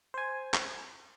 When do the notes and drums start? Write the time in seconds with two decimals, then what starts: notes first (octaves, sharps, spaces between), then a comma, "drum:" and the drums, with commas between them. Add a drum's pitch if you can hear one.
0.14 C5 G#5
0.54 drum: clap